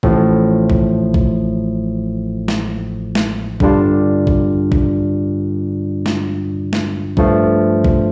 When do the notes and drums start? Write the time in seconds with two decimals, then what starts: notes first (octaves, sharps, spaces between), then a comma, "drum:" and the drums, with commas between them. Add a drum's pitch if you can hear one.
0.03 A1 A2 F3, drum: kick
0.70 drum: kick
1.14 drum: kick
2.48 drum: snare
3.15 drum: snare
3.60 G2 D3 G3 D4 F4, drum: kick
4.27 drum: kick
4.72 drum: kick
6.06 drum: snare
6.73 drum: snare
7.17 G2 F3 A3, drum: kick
7.84 drum: kick